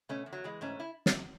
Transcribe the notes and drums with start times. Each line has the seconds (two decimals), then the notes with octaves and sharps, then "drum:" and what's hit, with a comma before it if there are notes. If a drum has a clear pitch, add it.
0.09 B2 A3 C#4
0.26 E2
0.33 F#3
0.44 E3 G#3
0.61 G#2 A3 C#4
0.80 E4
1.06 drum: snare